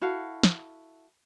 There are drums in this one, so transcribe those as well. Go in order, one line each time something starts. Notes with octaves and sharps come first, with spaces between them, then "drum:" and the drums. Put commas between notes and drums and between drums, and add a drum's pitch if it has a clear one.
E4 F#4 A4 F5
drum: snare